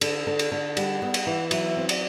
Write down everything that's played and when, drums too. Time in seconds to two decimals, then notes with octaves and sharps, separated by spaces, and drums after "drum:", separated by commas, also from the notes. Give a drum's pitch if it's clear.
0.01 D3 A4, drum: cymbal
0.27 D3
0.39 drum: cymbal
0.52 D3
0.77 G3 F#5, drum: cymbal
1.02 B3
1.14 drum: cymbal
1.27 E3
1.51 F#3 E5, drum: cymbal
1.77 C4
1.89 D5, drum: cymbal